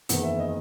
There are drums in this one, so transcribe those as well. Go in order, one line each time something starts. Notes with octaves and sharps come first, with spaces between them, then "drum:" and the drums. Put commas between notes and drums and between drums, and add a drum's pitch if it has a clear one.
F#1 E2 D#3 F#5, drum: hi-hat
E5
D#5